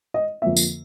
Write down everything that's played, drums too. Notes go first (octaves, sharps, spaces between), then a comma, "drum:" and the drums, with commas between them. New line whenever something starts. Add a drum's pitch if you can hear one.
D#5
F2 D3 F3 A#3 E5
drum: tambourine